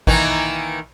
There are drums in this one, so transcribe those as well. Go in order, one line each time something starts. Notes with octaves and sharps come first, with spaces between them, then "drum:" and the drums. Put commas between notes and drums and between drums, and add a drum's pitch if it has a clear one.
D#3 E3 A#3, drum: kick